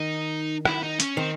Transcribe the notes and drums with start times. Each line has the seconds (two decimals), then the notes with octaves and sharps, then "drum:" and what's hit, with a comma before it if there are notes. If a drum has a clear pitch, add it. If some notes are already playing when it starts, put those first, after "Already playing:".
Already playing: D#3 D#4
0.65 E4, drum: rim click
0.83 D#4
1.00 C#4, drum: hi-hat
1.17 D#3 C4